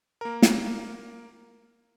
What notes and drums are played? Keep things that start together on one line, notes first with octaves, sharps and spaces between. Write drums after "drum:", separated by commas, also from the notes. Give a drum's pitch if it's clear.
A#3 A#4
drum: snare